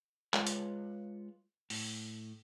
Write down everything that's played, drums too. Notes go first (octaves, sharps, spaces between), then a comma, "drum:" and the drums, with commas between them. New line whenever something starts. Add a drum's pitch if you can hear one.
G#3 F4 B4 C#5, drum: clap
drum: hi-hat
A2, drum: open hi-hat